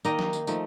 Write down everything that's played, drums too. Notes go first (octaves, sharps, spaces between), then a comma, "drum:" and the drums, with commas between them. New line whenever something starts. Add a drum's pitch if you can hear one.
D#3 A#3 D#4 D#5, drum: tambourine
drum: snare
drum: tambourine
F3 A3 D#4, drum: tambourine